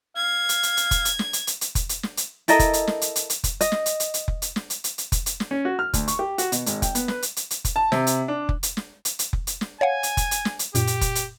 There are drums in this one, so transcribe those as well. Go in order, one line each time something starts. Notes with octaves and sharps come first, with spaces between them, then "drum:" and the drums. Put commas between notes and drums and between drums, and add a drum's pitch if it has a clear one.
F5 G#6
drum: hi-hat
drum: hi-hat
drum: hi-hat
drum: kick F1, hi-hat
drum: hi-hat
drum: snare
drum: hi-hat
drum: hi-hat
drum: hi-hat
drum: kick F1, hi-hat
drum: hi-hat
drum: snare
drum: hi-hat
E4 A4 A#4 D#5, drum: hi-hat
drum: kick F1, hi-hat
drum: hi-hat
drum: snare
drum: hi-hat
drum: hi-hat
drum: hi-hat
drum: kick F1, hi-hat
D#5, drum: hi-hat
drum: snare
drum: hi-hat
drum: hi-hat
drum: hi-hat
drum: kick F1
drum: hi-hat
drum: snare
drum: hi-hat
drum: hi-hat
drum: hi-hat
drum: kick F1, hi-hat
drum: hi-hat
drum: snare
C#4
F#4
F6
D2, drum: kick F1, hi-hat
C#6, drum: hi-hat
G4
F#4, drum: hi-hat
B2, drum: hi-hat
G#1, drum: hi-hat
G5, drum: kick F1, hi-hat
B3, drum: hi-hat
B4, drum: snare
drum: hi-hat
drum: hi-hat
drum: hi-hat
drum: kick F1, hi-hat
A5
C3, drum: snare
drum: hi-hat
D4
drum: kick F1
drum: hi-hat
drum: snare
drum: hi-hat
drum: hi-hat
drum: kick F1
drum: hi-hat
drum: snare
C#5 F5 F#5 G#5
drum: hi-hat
drum: kick F1, hi-hat
drum: hi-hat
drum: snare
drum: hi-hat
F#2 A#2 G4, drum: hi-hat
drum: hi-hat
drum: kick F1, hi-hat
drum: hi-hat